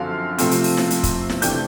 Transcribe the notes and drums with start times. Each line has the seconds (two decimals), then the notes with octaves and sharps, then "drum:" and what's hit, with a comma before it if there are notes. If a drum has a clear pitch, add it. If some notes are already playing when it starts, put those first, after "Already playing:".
Already playing: F#2 D3 F3 C4 F5 F6
0.38 C3 F3 A3 C4, drum: hi-hat
0.51 drum: hi-hat
0.64 drum: open hi-hat
0.77 drum: snare E4
0.90 drum: hi-hat
1.03 drum: kick, hi-hat
1.30 drum: snare E4
1.42 C3 E3 A3 D4 G5 G6, drum: hi-hat